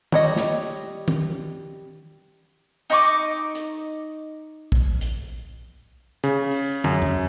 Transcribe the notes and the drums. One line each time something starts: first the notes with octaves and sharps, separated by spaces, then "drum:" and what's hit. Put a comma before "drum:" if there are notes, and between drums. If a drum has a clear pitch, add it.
G3 C#5 D#5, drum: tom
drum: snare
drum: tom
D#4 D#5 C#6 D6
drum: hi-hat
drum: kick
drum: hi-hat
C#3, drum: hi-hat
drum: open hi-hat
F#2, drum: tom
drum: tom E2